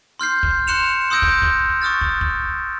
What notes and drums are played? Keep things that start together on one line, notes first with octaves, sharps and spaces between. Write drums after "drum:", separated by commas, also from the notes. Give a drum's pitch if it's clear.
C6 F6 G6 C7
drum: kick
C6 F#6 C#7 E7 F7
C6 D#6 E6 G6 A#6 D7
drum: kick
drum: kick
C#6 D#6 F6 A6
drum: kick
drum: kick